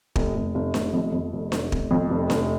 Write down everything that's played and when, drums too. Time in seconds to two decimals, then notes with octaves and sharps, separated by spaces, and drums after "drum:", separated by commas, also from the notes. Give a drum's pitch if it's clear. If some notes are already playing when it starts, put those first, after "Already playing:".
0.16 F1, drum: kick
0.35 F1
0.55 F1
0.74 F1, drum: snare D4
0.93 F2
1.13 F2
1.33 F1
1.52 F1, drum: snare D4
1.72 F1, drum: kick
1.91 F2
2.11 F1
2.30 F1, drum: snare D4